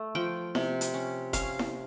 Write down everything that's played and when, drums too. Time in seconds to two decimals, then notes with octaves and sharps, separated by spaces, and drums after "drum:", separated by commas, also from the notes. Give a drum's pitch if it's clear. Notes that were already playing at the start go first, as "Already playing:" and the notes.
Already playing: A3
0.15 F3 G5
0.55 C3, drum: snare E4
0.81 drum: hi-hat
0.94 C#4
1.33 C#4 F5, drum: kick F1, hi-hat
1.59 drum: snare E4